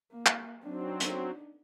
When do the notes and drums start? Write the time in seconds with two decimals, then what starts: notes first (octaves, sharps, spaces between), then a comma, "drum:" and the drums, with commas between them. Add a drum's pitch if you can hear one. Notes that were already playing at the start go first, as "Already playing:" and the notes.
0.11 A#3
0.26 drum: clap
0.63 F#3 C4 D4 D#4
1.00 drum: hi-hat